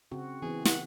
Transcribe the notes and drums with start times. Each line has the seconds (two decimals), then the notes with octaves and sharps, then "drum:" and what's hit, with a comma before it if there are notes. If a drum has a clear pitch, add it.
0.12 C#3 C4 F#4
0.42 E3 B3 C4 G#4
0.65 F#5, drum: snare